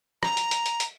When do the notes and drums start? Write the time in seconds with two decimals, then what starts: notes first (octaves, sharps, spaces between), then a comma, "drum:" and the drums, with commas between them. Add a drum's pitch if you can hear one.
0.23 A#5, drum: rim click
0.37 drum: hi-hat
0.51 drum: hi-hat
0.66 drum: hi-hat
0.80 drum: hi-hat